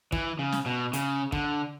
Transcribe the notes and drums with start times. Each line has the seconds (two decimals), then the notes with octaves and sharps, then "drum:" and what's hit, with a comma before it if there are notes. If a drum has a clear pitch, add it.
0.12 E3, drum: kick
0.39 C#3
0.52 drum: snare
0.66 B2
0.93 C#3, drum: hi-hat
1.32 D3, drum: kick